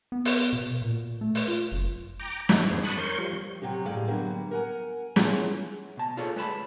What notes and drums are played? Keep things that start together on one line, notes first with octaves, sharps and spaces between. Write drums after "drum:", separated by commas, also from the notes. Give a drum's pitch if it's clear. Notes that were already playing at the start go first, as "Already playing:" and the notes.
B3
drum: open hi-hat
B2
A#2
A3
drum: open hi-hat
F4
F#1
G5 A#5 D6
G#2 E3 C#4 D#4 E4 F#4, drum: snare
F2 B3 D4 G#4 C5
A5 B5 C#6 D#6 F#6
A#4 C#5 C6 C#6 G6
F3 G3
C3 F#3 F#4 G4
F#2 A2 G#4 D5 F5 G5
D3 F#3 G3 A#3 B3
A#4 F#5 G#5
B3 C#4 E4 F4 G#4 C#5, drum: snare
B2 A5
F4 G#4 A4 C#5 D5
G#3 B4 C#5 A5 B5